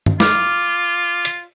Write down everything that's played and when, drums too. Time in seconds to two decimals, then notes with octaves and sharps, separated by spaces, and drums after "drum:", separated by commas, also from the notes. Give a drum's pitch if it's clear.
0.06 drum: tom
0.20 F4 D6 F6, drum: snare
1.25 drum: hi-hat